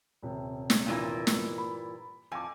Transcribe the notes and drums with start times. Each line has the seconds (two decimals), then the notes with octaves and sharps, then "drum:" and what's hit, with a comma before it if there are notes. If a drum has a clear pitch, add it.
0.23 D#1 C3
0.70 drum: snare
0.86 G2 A#2 E3
1.27 drum: snare
1.58 B5
2.32 F2 G#5 A5 D6